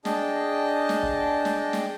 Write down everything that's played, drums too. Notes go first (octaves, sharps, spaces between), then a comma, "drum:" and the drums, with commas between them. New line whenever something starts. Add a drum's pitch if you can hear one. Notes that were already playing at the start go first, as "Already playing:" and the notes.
D4 G#4 D#5 G5 A5, drum: snare
drum: snare
drum: kick
drum: snare
drum: snare